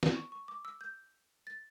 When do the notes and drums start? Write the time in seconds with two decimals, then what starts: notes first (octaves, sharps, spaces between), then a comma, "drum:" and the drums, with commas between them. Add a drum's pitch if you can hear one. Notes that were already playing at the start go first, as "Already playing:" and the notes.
0.03 drum: snare
0.16 C#6
0.32 C#6
0.48 D6
0.65 E6
0.81 G6
1.47 A6